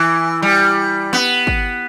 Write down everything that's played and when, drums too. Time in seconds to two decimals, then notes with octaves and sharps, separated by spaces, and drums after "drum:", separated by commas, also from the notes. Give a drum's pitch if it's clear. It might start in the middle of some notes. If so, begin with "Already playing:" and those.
Already playing: E3
0.42 G3
1.13 B3, drum: snare
1.47 drum: kick